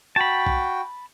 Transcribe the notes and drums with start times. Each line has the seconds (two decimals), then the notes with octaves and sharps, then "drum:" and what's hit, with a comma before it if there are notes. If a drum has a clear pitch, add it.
0.16 F#4 G5 A5 B5
0.47 drum: kick